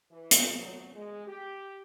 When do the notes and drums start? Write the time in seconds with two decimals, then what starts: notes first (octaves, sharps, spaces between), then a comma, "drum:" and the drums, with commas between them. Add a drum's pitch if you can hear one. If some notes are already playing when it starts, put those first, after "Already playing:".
0.11 E3
0.31 drum: hi-hat
0.54 F#3
0.95 G#3
1.27 G4